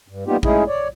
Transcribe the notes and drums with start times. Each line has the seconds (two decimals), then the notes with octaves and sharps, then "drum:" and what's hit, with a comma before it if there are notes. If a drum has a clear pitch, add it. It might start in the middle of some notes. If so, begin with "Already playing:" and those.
0.08 G2
0.27 G3 A#3 B3 D#4 F4 G4
0.43 G#3 A3 C#4 D#4 E4 G#4, drum: kick A1
0.67 C#5 D5